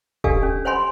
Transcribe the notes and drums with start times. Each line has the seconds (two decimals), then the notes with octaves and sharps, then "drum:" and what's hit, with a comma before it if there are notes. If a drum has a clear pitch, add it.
0.24 D4 G4 A4 D5 F5 G#5, drum: kick D#1
0.43 C#4
0.65 C5 C#5 F#5 G#5 B5 C6